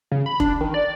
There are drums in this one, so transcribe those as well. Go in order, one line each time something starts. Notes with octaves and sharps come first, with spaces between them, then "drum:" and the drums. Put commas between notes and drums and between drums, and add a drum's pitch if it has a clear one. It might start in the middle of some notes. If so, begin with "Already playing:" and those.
C#3
B5
D4, drum: kick
D#3
D5